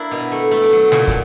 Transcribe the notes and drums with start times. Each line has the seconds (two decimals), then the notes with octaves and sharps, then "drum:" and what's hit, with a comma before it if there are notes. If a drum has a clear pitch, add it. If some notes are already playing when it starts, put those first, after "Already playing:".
Already playing: A#3 D4 E4
0.11 B2
0.32 A3
0.51 A3
0.62 drum: hi-hat
0.73 F#3
0.92 A#2, drum: snare
1.07 drum: kick, hi-hat